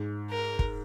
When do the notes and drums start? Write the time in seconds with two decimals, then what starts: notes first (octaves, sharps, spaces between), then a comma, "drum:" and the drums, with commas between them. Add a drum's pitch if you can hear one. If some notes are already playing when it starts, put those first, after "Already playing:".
Already playing: G#2
0.31 A#4
0.59 drum: kick